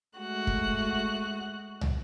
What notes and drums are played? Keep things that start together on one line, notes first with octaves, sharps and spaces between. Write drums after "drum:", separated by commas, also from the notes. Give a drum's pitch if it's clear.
G#3 A3 F#4 F#6
drum: kick
drum: tom